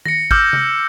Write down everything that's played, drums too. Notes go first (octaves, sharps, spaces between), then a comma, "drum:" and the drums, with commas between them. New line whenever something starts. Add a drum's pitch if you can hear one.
A#6 C#7, drum: tom D#3
D6 E6 F6 G6, drum: kick
drum: tom C3